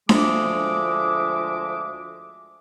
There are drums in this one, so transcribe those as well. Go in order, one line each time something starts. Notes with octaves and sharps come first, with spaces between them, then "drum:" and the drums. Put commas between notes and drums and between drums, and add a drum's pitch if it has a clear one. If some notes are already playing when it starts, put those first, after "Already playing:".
D2 F3 G#3 E5 D6, drum: snare D4